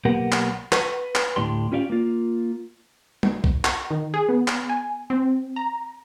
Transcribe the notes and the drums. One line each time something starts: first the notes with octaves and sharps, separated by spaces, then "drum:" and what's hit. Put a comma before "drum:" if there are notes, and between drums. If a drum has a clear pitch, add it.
B1 A#3 B3 G4 A#4 F#5
drum: clap
B4, drum: clap
drum: clap
D2 A2 D4 G4 C6
C#4 F4 G4 D5 E5 F5
A#3 F4
drum: tom G3
drum: kick B1
drum: clap
D#3
G#4
B3
drum: clap
G#5
C4
A#5